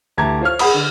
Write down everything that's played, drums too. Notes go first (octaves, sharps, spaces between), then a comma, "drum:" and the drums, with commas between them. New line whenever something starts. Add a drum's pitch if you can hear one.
D2 E3 G4 A5 A#5 G#6
F4 C5 C#5 F6
G#4 F#5 B5 D#6, drum: cymbal
D3